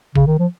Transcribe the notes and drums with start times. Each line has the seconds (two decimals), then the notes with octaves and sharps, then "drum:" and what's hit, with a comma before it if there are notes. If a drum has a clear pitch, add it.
0.16 C#3, drum: kick
0.27 D#3
0.39 F3